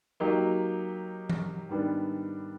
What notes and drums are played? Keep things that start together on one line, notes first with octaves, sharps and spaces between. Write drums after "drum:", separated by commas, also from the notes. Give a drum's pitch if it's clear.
F#3 A#3 D#4 G4
drum: tom E3
G#2 D#3 G3 B3 D4